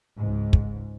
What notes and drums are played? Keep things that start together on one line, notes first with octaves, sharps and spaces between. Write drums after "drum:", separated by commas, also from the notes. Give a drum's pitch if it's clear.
C#2 G#2
drum: kick